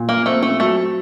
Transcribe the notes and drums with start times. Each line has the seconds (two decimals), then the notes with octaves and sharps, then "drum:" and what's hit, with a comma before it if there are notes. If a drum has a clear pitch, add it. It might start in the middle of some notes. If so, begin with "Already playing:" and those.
Already playing: A#2
0.09 A#3
0.26 A3 C4
0.43 A3, drum: tom C4
0.60 F#3 A3